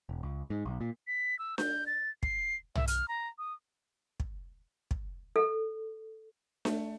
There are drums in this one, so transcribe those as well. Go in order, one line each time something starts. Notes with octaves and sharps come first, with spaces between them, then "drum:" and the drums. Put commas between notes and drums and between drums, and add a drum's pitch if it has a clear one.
E1
C#2
G#2
B1
A#2
B6
E6
G6, drum: snare D4
A6
C7, drum: kick
E5, drum: tom
F6, drum: hi-hat
A#5
D#6
drum: kick
drum: kick
A4
A3, drum: snare D4